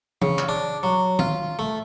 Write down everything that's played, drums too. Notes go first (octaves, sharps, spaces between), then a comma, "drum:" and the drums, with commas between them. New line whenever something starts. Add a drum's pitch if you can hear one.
C#3, drum: tom E3
drum: clap
D4
F#3
F4, drum: tom D#3
A3